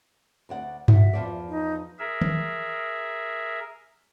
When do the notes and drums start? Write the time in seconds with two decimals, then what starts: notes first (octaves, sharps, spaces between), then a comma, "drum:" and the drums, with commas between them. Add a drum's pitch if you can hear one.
0.49 D2 D5 F#5
0.88 F#4 E5, drum: tom G2
1.13 E2 F3 D5
1.49 D#4
1.99 G#4 A#4 E5
2.21 drum: tom D#3